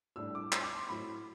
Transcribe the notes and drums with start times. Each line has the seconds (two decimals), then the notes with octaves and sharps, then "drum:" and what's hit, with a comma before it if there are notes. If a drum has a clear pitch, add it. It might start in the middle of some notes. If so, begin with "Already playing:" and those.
0.16 A2 G3 D4 E6
0.35 D6
0.52 C6, drum: clap
0.63 D6
0.74 C6
0.89 A2 F#3 C4 E4 B5